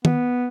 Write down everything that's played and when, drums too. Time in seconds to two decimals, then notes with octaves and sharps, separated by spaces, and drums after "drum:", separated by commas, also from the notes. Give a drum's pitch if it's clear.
0.05 B3, drum: tom